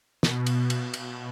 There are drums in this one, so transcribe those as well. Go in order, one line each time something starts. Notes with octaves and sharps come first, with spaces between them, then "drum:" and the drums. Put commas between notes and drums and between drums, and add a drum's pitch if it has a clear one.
B2, drum: snare
drum: cymbal
drum: cymbal
drum: cymbal